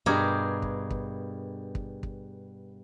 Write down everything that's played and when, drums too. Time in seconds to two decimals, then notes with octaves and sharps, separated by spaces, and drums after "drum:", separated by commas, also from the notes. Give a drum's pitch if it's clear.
0.06 G2 B2 G4 G#4 A#4
0.62 drum: kick
0.90 drum: kick
1.75 drum: kick
2.03 drum: kick